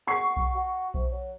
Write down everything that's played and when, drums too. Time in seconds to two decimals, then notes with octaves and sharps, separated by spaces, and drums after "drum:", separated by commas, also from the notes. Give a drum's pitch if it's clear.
0.07 F#4 C#6 C7
0.36 drum: kick B1
0.55 F#4
0.94 C3, drum: kick B1
1.11 F#3